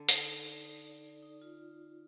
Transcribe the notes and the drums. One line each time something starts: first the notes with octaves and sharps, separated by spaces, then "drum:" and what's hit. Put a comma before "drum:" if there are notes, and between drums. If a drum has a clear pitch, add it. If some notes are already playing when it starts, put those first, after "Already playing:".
Already playing: D3 A4
D#4, drum: hi-hat
D#4
D5
D#4
D5
D5
D#4
F4